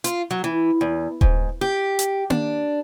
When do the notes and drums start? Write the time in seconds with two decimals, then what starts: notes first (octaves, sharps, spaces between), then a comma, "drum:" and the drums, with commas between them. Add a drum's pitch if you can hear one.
0.04 F4, drum: hi-hat
0.31 F#3
0.44 E3
0.81 E2
1.21 G#2, drum: kick D#1
1.61 G4
1.99 drum: hi-hat
2.30 D4, drum: tom A#3